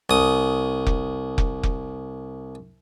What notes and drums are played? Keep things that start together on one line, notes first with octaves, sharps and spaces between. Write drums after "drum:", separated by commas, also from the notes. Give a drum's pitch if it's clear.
C2 D#6
drum: kick F1
drum: kick F1
drum: kick F1